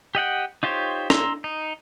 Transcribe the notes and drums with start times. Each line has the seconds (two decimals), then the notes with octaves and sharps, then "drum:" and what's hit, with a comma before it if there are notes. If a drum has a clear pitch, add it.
0.15 G4 D#5 F#5 G5
0.63 D#4 F4 G4 C5 C#5
1.10 A#5 C6 E6, drum: snare D4
1.44 D#4